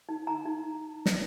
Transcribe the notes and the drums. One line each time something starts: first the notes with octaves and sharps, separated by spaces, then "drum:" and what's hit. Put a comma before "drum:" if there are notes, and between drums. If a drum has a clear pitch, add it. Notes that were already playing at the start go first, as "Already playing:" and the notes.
D#4
D#4 A#5
D#4
drum: snare